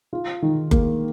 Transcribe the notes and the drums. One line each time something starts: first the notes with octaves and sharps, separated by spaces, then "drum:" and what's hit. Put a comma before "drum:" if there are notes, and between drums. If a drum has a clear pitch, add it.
F4
D#3
A#3, drum: kick F#1